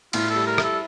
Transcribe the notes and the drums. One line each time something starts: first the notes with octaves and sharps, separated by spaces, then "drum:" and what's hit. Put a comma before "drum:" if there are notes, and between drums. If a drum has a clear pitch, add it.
A2 F4, drum: cymbal
G3 A4
A#4
E4, drum: rim click
A4